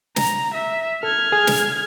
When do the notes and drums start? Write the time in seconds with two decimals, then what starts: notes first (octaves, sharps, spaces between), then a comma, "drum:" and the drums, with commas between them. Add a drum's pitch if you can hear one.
0.16 A#5, drum: snare
0.54 E5
1.03 A4 F6 G#6
1.32 G#4
1.47 drum: snare